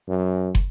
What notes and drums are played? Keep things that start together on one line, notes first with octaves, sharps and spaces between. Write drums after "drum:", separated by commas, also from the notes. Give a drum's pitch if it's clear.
F#2
drum: kick